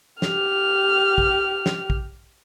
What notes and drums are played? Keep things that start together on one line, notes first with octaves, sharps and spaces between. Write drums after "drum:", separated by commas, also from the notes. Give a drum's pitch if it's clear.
G4 F6, drum: snare
drum: kick
drum: snare
drum: kick